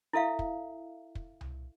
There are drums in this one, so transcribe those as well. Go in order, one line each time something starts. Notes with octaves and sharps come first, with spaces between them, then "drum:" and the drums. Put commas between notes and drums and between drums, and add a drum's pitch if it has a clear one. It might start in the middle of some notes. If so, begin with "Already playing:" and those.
E4 A4 E5 F5
drum: kick
drum: kick
drum: tom C2